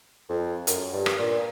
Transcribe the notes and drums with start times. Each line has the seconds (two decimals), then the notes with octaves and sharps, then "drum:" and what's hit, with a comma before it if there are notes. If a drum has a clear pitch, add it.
0.29 F2
0.67 F#2, drum: hi-hat
0.93 G2
1.06 drum: rim click
1.19 A#2